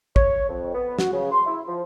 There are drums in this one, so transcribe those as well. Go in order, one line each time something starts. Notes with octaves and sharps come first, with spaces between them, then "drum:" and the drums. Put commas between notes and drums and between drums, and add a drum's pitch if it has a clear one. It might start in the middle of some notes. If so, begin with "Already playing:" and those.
C#5, drum: kick
F2
B3
F#4, drum: snare
C#3
C6
E4
F3